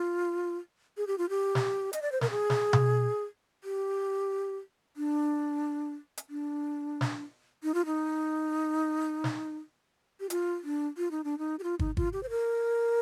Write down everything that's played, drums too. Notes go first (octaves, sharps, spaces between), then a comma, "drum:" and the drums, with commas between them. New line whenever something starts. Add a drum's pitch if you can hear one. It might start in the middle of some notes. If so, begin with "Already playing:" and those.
Already playing: F4
G#4
G4
F4
G4
drum: snare
D#5, drum: hi-hat
D5
C5
A#4, drum: snare
G#4
drum: snare
drum: tom B2
G4
D4
drum: hi-hat
D4
drum: snare
D#4
F4
D#4
drum: snare
G4
F4, drum: hi-hat
D4
F4
D#4
D4
D#4
G4
F4
D#4, drum: kick
F4, drum: kick
G4
C5
A#4